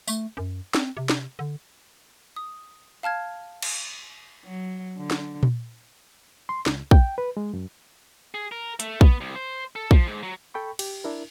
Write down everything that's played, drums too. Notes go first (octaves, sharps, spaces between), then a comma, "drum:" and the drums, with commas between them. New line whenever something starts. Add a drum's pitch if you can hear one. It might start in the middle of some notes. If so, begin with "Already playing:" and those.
A3, drum: tambourine
F#2
C4, drum: snare
C3
drum: snare
D3
D#6
F5 A5 F6 G#6
drum: cymbal
F#3
D3
drum: snare
drum: tom A#2
C6
C#2, drum: snare
G5, drum: kick
B4
G#3
F#2
G#4
A#4
A3, drum: hi-hat
B3, drum: kick
C2
C5
A4
F3, drum: kick
G#2
F#3
A4 G5 B5 C#6
G4, drum: cymbal
D4 E4 A#4